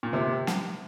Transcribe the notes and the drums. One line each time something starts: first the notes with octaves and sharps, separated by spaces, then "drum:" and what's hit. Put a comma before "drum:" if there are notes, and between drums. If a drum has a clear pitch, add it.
A#2
C3
drum: snare